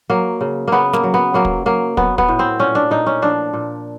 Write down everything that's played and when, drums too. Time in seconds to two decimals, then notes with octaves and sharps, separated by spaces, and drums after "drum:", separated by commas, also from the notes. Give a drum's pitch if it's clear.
0.10 F#3 A#3
0.41 C#3
0.68 C#3 A#3 B3
0.93 A#3, drum: snare
1.03 F#3
1.14 B3
1.34 F#3 A#3
1.45 drum: kick
1.66 F#3 A#3
1.97 F#3 B3, drum: kick
2.18 B3, drum: kick
2.28 A2
2.39 C4
2.59 A#2 C#4
2.75 D4
2.91 A#2 D#4
3.06 C#4
3.22 F3 D4
3.53 A#2